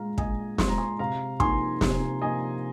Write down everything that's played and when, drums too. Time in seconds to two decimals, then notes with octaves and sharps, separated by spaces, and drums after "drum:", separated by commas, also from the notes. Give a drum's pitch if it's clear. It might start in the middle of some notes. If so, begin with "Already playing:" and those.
Already playing: A#2 G#3 F4 F5 A#5
0.18 A#2 D#5 G#5, drum: kick
0.58 G#3 F4 C6, drum: snare
0.68 A#5
0.78 G#5 C6
0.99 C3 F5 A#5
1.40 F3 A#3 D#4 G#5 C6, drum: kick
1.81 C3, drum: snare
2.22 F3 A#3 D#4 D#5 G#5